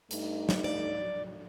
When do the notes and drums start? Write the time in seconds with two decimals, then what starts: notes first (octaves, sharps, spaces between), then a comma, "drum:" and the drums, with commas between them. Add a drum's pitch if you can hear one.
0.11 G2 A3 D#4, drum: hi-hat
0.49 drum: snare
0.64 D5